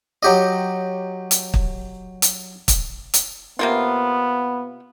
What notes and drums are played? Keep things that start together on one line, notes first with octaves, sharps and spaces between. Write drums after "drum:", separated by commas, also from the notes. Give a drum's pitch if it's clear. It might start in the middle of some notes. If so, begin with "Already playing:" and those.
F#3 G4 D#5
drum: hi-hat
drum: kick
drum: hi-hat
drum: kick, hi-hat
drum: hi-hat
C3 A#3 B3 F4